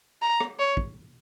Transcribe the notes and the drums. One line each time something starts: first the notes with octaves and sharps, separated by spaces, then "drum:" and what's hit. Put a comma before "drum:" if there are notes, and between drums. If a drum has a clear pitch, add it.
A#5
drum: rim click
C#5
drum: kick